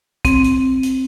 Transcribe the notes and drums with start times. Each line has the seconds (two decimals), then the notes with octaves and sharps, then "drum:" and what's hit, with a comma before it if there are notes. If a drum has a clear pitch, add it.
0.25 C4, drum: kick, hi-hat
0.44 drum: hi-hat
0.83 drum: hi-hat